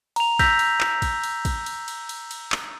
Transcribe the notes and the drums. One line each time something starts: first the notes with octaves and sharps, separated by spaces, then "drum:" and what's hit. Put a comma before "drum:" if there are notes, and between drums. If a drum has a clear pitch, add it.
A#5 F7, drum: cymbal
E6 G6 A#6 B6 F7, drum: kick, cymbal
drum: cymbal
drum: clap
drum: kick, cymbal
drum: cymbal
drum: kick, cymbal
drum: cymbal
drum: cymbal
drum: cymbal
drum: cymbal
drum: clap